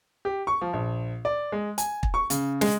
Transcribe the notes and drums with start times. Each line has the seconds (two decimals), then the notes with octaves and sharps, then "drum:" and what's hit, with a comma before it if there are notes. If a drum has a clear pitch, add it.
0.25 G4
0.47 C#6
0.61 F3
0.73 A#1
1.25 D5
1.52 G#3
1.78 G#5, drum: hi-hat
2.03 drum: kick
2.14 C#6
2.30 C#3, drum: hi-hat
2.61 G#3, drum: snare